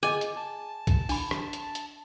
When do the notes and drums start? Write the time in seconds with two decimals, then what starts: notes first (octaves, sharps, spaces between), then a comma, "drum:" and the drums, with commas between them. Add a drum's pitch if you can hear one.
0.03 G#4 D#5 G#5
0.21 drum: hi-hat
0.37 A5
0.87 drum: kick B1, hi-hat
1.09 D4 B5, drum: open hi-hat
1.31 drum: rim click
1.53 drum: hi-hat
1.75 drum: hi-hat